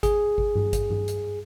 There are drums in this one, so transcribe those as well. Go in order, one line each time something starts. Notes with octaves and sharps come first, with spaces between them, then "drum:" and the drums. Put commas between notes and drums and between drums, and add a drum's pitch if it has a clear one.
G#4, drum: kick G#1, hi-hat
drum: kick G#1
drum: tom G2
drum: kick G#1, hi-hat
drum: tom G2
drum: hi-hat